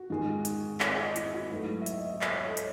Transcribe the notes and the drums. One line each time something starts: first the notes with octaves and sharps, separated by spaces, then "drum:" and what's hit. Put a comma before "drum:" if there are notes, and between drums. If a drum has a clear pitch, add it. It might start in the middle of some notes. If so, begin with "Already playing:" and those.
Already playing: F#4
G#2 D#3 G#3
drum: hi-hat
G#4, drum: clap
D#5
E4, drum: hi-hat
F#4
G#2 F#3 A3 B4
E5
D#5, drum: hi-hat
E5
D#5
D#5, drum: clap
C#5
A4
C#5, drum: hi-hat